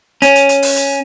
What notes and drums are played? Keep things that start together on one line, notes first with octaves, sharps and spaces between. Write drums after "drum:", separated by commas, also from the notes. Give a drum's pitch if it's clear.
C#4, drum: hi-hat
drum: hi-hat
drum: hi-hat
drum: open hi-hat
drum: hi-hat